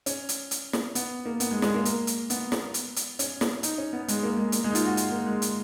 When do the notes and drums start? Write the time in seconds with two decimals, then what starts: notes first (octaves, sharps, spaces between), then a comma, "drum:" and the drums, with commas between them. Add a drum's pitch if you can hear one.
0.06 C#4, drum: hi-hat
0.29 drum: hi-hat
0.51 drum: hi-hat
0.73 drum: snare
0.95 B3, drum: hi-hat
1.26 A#3
1.40 B3, drum: hi-hat
1.51 G#3
1.62 G#3, drum: snare
1.74 A#3
1.85 A#3, drum: hi-hat
2.07 drum: hi-hat
2.30 B3, drum: hi-hat
2.52 drum: snare
2.74 drum: hi-hat
2.96 drum: hi-hat
3.19 C#4, drum: hi-hat
3.41 drum: snare
3.63 D#4, drum: hi-hat
3.78 C#4
3.93 B3
4.08 G#3, drum: hi-hat
4.23 A#3
4.37 G#3
4.52 A#3, drum: hi-hat
4.64 G#3
4.71 D#4
4.75 F4, drum: hi-hat
4.86 F#4
4.97 drum: hi-hat
5.11 A#3
5.27 G#3
5.42 drum: hi-hat